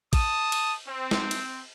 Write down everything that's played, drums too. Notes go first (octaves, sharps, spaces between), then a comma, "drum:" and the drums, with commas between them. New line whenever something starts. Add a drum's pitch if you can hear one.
A5 D#6, drum: kick A1, cymbal
drum: cymbal
C4
drum: snare
drum: cymbal